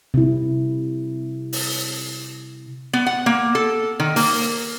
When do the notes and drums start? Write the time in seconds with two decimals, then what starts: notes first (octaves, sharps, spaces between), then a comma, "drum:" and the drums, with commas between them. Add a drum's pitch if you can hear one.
0.14 C3 E4
1.53 drum: open hi-hat
2.93 B3
3.06 F#5
3.26 A#3
3.55 A4
4.00 D#3
4.16 A#3, drum: open hi-hat